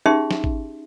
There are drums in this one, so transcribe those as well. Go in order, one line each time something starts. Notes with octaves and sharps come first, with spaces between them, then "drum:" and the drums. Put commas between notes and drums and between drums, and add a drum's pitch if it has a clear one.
C#4 D#4 G4 G#4 E5 C6
drum: snare
drum: kick